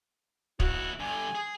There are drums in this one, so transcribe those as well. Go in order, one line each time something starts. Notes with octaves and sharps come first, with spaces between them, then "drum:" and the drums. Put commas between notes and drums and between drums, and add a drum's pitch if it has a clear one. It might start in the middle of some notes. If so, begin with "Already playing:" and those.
D#2 E4 F#4, drum: kick
G2 D3 G#5
G#4